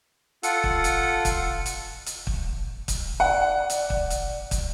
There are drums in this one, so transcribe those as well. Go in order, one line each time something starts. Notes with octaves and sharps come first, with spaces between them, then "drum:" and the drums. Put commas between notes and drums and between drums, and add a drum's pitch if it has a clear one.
F4 A4 F#5, drum: hi-hat
drum: kick
drum: hi-hat
drum: kick, hi-hat
drum: hi-hat
drum: hi-hat
drum: kick
drum: kick, hi-hat
D5 F#5
drum: hi-hat
drum: kick
drum: hi-hat
drum: kick, hi-hat